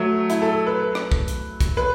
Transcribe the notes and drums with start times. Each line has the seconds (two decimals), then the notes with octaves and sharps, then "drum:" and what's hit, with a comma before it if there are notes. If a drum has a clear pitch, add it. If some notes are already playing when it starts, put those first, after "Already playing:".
Already playing: F#3 A3
0.30 E4, drum: hi-hat
0.42 A4
0.67 B4
0.95 drum: rim click
1.12 drum: kick
1.28 drum: hi-hat
1.61 drum: kick, hi-hat
1.77 B4